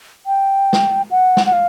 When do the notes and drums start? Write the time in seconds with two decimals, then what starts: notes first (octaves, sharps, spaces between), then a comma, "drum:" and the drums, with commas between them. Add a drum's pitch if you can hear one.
0.26 G5
0.73 drum: snare
1.11 F#5
1.37 drum: snare
1.46 F#5
1.53 F5